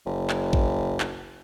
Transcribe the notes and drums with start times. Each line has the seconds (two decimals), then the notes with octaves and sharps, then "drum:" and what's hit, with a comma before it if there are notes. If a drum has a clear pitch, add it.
0.06 F#1
0.30 drum: clap
0.53 drum: kick A1
1.00 drum: clap